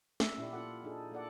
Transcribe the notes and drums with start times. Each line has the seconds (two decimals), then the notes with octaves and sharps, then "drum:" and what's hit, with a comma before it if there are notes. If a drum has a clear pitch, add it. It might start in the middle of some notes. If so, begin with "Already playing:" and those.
0.20 E5, drum: snare
0.38 A#2 E4 G4 D5
0.53 F4 A4 F#5
0.83 D4 D#4 G#4 A4
1.12 A#3 A4 D5 F#5